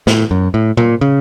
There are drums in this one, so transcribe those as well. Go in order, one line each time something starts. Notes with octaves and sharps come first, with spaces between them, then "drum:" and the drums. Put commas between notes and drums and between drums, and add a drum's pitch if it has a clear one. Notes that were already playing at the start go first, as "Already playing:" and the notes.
A2, drum: snare
F#2
A2
A#2, drum: tom A#2
C#3